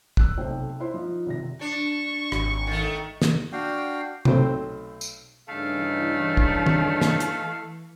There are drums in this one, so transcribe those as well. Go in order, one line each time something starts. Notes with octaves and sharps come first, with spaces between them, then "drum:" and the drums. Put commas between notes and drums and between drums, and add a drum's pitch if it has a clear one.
E6 F#6, drum: kick
B1 C3 A3 C5 G5
E4 C5 C6
F3 D#4 F4
G#1 C3 A#6
D4 C#6
G#1, drum: rim click
D#3 A3
drum: snare
D4 F#4 F5 G5
B1 F#3 A3 C4 C5 G5, drum: tom
drum: tambourine
G2 C#3 E3 A3 D#4 F5
drum: kick
drum: tom
drum: snare
drum: hi-hat